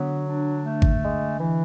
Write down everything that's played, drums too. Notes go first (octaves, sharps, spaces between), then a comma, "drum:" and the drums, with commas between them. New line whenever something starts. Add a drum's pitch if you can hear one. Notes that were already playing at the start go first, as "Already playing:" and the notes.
Already playing: D3 F#3 B3
D4
A3
drum: kick G#1
G#3
E3